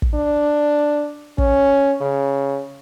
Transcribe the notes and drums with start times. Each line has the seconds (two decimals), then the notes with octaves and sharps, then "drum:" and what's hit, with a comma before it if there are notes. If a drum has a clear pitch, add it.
0.02 drum: kick
0.14 D4
1.38 C#4, drum: kick
2.01 C#3